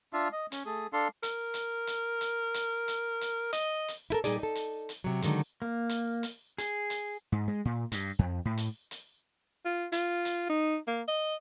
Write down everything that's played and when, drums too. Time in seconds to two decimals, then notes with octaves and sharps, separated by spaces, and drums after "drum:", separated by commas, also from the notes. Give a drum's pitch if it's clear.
0.13 D4 F4 E5 F5
0.32 D#5
0.52 C#4, drum: hi-hat
0.66 A3 G#4
0.93 D4 A4 F5 C6
1.23 A#4, drum: hi-hat
1.54 drum: hi-hat
1.87 drum: hi-hat
2.21 drum: hi-hat
2.54 drum: hi-hat
2.88 drum: hi-hat
3.21 drum: hi-hat
3.53 D#5, drum: hi-hat
3.88 drum: hi-hat
4.10 E4 A4 A#4
4.24 A#2 G3 D#4 G#4 D5, drum: hi-hat
4.39 D#4 A4
4.55 drum: hi-hat
4.89 drum: hi-hat
5.04 C3 F#3
5.22 D3 D#3 F#3 G#3, drum: hi-hat
5.62 A#3
5.89 drum: hi-hat
6.23 drum: hi-hat
6.58 G#4, drum: hi-hat
6.90 drum: hi-hat
7.32 G#2
7.48 G#3
7.65 A#2
7.92 G2, drum: hi-hat
8.19 F2
8.45 A2
8.57 drum: hi-hat
8.91 drum: hi-hat
9.65 F4
9.92 F4, drum: hi-hat
10.25 drum: hi-hat
10.49 D#4
10.87 A#3
11.08 D#5